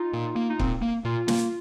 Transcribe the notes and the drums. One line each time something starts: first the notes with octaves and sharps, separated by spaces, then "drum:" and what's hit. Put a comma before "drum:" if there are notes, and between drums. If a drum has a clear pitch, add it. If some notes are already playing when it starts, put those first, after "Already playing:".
Already playing: D#4 F4
A#2
A#3
D#4
A#2 C4, drum: kick C#1
A#3
A#2 F4
A#3 F4, drum: snare